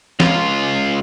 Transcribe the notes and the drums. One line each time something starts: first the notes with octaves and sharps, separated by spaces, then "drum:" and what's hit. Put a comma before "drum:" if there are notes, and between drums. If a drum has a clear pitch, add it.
C#2 F4, drum: snare